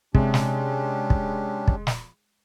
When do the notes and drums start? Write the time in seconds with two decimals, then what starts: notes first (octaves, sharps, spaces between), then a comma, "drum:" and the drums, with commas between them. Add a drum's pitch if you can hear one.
0.15 C3 G#3 C#4 D4 G4, drum: kick
0.34 drum: snare
1.10 drum: kick
1.68 drum: kick
1.87 drum: snare